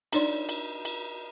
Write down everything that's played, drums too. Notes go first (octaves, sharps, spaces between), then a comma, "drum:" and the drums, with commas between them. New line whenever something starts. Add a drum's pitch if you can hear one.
D4 D#4 C#5 D5 C6, drum: cymbal
drum: cymbal
drum: cymbal